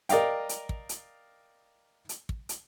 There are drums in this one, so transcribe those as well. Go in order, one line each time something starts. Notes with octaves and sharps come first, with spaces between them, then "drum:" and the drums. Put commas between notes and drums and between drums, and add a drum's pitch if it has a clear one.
A#4 D5 D#5 F5 G5, drum: hi-hat
drum: hi-hat
drum: kick
drum: hi-hat
drum: hi-hat
drum: kick
drum: hi-hat